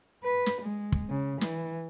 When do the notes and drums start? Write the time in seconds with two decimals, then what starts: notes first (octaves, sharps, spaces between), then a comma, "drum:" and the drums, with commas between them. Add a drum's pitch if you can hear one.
0.23 B4
0.46 drum: snare
0.62 G#3
0.92 drum: kick
1.10 C#3
1.41 E3, drum: snare